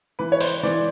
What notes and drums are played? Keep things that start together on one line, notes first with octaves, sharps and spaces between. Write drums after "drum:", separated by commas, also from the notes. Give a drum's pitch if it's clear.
E3 B4
C#5
C5, drum: open hi-hat
E3 D5